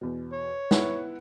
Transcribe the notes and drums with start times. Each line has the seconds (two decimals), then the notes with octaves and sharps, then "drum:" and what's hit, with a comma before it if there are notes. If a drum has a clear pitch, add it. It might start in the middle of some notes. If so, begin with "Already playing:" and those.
0.01 E2 B2
0.33 C#5
0.71 B3 E4 F#5, drum: snare